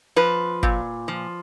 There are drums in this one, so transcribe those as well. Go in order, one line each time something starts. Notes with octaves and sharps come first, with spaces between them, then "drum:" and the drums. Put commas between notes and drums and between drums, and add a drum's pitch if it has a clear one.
F3 B4
A#2, drum: kick G1
F3